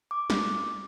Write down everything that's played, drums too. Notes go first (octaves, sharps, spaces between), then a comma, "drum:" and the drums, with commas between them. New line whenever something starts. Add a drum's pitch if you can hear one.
D6
drum: snare